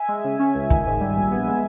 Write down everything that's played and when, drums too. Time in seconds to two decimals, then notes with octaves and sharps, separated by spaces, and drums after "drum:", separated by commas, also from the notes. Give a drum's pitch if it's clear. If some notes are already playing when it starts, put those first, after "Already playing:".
Already playing: E5 G#5
0.09 G#3
0.24 C#3
0.39 C#4
0.55 C#2
0.70 D#3, drum: kick
0.86 G#2
1.01 G3
1.16 A#1
1.31 B3
1.47 G#3